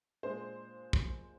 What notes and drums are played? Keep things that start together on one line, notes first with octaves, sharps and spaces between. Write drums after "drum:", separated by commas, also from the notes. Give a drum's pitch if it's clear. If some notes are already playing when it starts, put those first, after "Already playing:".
A#2 G#3 D4 C5
drum: kick